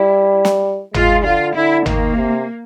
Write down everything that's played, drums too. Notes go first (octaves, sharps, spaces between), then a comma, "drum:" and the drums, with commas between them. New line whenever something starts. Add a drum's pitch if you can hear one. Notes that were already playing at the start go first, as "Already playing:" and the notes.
Already playing: G3 E4
drum: snare
G#3 F4, drum: tom
D3 F4
D3 E4
D#3 A#3, drum: tom
C3